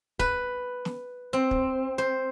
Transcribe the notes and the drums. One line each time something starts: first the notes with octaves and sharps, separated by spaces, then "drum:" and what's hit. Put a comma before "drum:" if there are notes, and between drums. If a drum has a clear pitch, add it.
B4, drum: kick
drum: snare
C4
drum: kick
C5